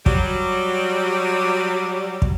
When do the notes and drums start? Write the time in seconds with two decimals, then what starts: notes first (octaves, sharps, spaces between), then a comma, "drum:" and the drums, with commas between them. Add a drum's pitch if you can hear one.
0.06 F#3 G3, drum: kick
2.22 drum: kick